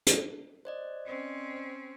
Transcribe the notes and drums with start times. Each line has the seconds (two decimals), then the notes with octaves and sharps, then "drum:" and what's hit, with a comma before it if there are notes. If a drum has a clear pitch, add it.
0.07 drum: hi-hat
0.65 C5 D5 D#5
1.05 C4 C#4